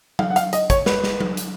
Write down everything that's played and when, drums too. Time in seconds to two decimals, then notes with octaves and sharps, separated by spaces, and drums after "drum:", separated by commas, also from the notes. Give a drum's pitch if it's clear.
0.19 F5, drum: tom F#3
0.30 F#5
0.36 F5, drum: hi-hat
0.53 D#5, drum: hi-hat
0.70 C#5, drum: kick, hi-hat
0.86 B4, drum: snare
1.04 drum: snare
1.20 drum: tom F#3
1.37 drum: hi-hat